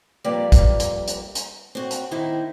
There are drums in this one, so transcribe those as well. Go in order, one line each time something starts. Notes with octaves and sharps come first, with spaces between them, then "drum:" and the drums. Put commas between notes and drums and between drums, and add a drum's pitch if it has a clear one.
F2 G3 A#3 B4 D5
drum: kick, hi-hat
drum: hi-hat
drum: hi-hat
drum: hi-hat
C4 F#4
drum: hi-hat
D#3 A#3 D#4 E4 C5